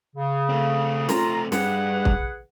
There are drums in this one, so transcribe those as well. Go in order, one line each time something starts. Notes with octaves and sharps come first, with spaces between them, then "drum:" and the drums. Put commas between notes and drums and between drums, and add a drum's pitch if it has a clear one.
C#3
A3 C4
F4 A#5, drum: snare
G2 G#4 B4 F#5, drum: snare
drum: kick